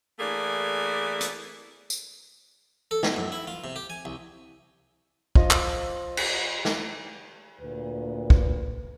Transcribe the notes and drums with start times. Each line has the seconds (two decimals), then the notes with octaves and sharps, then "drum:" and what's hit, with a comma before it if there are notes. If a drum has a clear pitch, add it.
0.19 E3 A3 A#3 G#4 A4 D5
1.21 drum: hi-hat
1.90 drum: tambourine
2.91 A4
3.03 B2, drum: snare
3.16 F#2
3.32 E4
3.47 F4
3.64 C3
3.76 G4
3.90 G#5
4.05 C2
5.35 F3 D#5, drum: kick
5.51 drum: clap
6.17 drum: cymbal
6.65 drum: snare
7.61 D2 A#2 B4
8.30 drum: kick